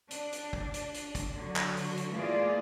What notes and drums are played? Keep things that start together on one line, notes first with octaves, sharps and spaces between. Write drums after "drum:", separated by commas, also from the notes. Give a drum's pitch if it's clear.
D4, drum: hi-hat
drum: hi-hat
drum: kick
drum: hi-hat
drum: hi-hat
drum: kick, hi-hat
D3 F#3 F#4
drum: clap
drum: open hi-hat
drum: hi-hat
E3 A3 A#3 F4 G#4 D5